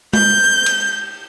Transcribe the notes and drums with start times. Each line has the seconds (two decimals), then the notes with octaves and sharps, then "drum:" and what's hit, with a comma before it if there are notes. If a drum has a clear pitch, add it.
0.13 G6, drum: tom G#3
0.66 drum: cymbal